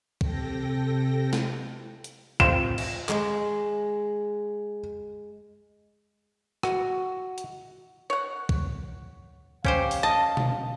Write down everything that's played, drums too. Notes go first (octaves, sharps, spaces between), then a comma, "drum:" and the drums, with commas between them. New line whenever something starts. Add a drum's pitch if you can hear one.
C3 A4 G5 A#6, drum: kick
drum: snare
drum: hi-hat
A2 C4 F4 E7, drum: kick
drum: cymbal
G#3, drum: clap
F#4, drum: rim click
drum: hi-hat
C#5 F#5
drum: kick
C#4 G4 C5 F5, drum: kick
drum: open hi-hat
D#5 A5
drum: tom B2